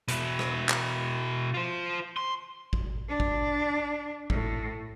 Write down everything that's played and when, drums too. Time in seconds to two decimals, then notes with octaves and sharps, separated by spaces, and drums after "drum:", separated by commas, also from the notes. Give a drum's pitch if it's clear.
0.08 B2 E4, drum: hi-hat
0.39 drum: rim click
0.69 drum: clap
1.54 F4 C5
2.17 C6
2.73 drum: kick A1
3.09 D4
3.20 drum: kick A1
4.30 A2, drum: kick A1